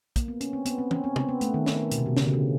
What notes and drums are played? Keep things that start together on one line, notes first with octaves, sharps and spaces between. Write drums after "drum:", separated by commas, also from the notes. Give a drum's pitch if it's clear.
A#3, drum: kick, hi-hat
B3
C#4, drum: hi-hat
C4
B3, drum: hi-hat
C4
C#4, drum: tom
C4
C4, drum: tom
B3
A3, drum: hi-hat
D#3
drum: snare
B2, drum: hi-hat
C3
B2
C#3, drum: snare
D3
C#3